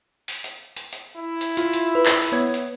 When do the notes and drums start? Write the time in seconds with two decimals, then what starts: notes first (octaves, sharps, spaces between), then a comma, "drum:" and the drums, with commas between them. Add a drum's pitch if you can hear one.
0.28 drum: open hi-hat
0.44 drum: hi-hat
0.77 drum: hi-hat
0.93 drum: hi-hat
1.17 E4
1.41 drum: hi-hat
1.57 F4, drum: hi-hat
1.73 drum: hi-hat
1.95 B4
2.06 drum: clap
2.22 drum: open hi-hat
2.32 B3 C#5 G#6
2.54 drum: hi-hat